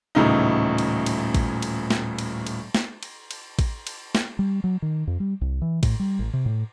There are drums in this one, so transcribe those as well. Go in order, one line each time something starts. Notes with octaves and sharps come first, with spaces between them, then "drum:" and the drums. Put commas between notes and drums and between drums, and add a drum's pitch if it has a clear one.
D#1 A2 C#3 E3 D#4
drum: cymbal
drum: cymbal
drum: kick A1, cymbal
drum: cymbal
drum: snare
drum: cymbal
drum: cymbal
drum: snare
drum: cymbal
drum: cymbal
drum: kick A1, cymbal
drum: cymbal
drum: snare
G3
F#3
D#3
F2
G3
C2
E3
A2, drum: kick A1, cymbal
G3
A1
C3
A2